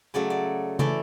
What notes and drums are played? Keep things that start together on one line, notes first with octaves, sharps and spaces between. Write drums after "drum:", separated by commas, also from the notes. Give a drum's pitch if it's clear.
C#3 F#3 A3 D5
D5
E3 A3 D5, drum: tom C#3